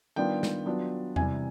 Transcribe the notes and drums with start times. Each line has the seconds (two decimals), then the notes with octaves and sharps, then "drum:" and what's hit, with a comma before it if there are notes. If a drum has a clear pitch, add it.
0.16 D#3 G3 B3 D4 F4 G5
0.43 drum: snare
0.66 F#3 B3 D4 F4
1.16 C3 E3 G3 G#5, drum: tom E2